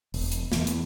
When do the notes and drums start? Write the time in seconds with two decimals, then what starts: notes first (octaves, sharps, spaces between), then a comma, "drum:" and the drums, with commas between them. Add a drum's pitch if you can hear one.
0.14 E1, drum: open hi-hat
0.32 drum: hi-hat
0.52 E2, drum: snare
0.67 drum: hi-hat